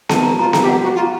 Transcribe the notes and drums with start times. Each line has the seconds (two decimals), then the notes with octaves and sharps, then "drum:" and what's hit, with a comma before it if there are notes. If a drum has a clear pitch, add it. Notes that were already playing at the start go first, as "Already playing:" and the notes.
0.09 A5, drum: snare B3
0.24 A#5
0.39 F4 A#5
0.53 A#5, drum: snare B3
0.61 G4
0.69 F#5
0.83 F#4
0.95 F4
0.99 A#5